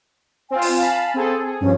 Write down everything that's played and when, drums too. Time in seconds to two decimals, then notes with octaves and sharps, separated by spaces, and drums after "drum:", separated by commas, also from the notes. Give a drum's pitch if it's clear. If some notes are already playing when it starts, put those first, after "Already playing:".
0.51 C4 F4 G#5
0.62 drum: open hi-hat
0.77 F5 A5 B5
1.14 C4 G#4 A4
1.43 G#4
1.61 G2 F3 C#4